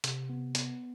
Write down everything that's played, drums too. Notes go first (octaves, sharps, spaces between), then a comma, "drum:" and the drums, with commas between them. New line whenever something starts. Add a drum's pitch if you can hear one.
C3, drum: hi-hat
B3
B3, drum: hi-hat